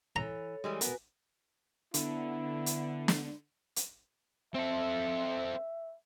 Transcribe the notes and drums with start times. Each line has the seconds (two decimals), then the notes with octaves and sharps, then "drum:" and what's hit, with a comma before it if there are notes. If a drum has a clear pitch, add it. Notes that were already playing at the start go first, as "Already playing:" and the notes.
0.16 E3 A4 C#5 A#5
0.64 E3 G3 G#3
0.81 B3 F#4 A#4 B4 G#5, drum: hi-hat
1.94 D3 B3 E4, drum: hi-hat
2.66 drum: hi-hat
3.08 drum: snare
3.76 drum: hi-hat
4.54 C4 A4 E5